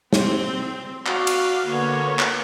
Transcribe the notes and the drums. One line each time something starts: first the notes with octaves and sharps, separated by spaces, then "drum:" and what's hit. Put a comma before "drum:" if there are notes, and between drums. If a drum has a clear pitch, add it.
C4, drum: snare
F#4 D5 F5, drum: clap
drum: cymbal
D3 A#3 B3 C#5
drum: clap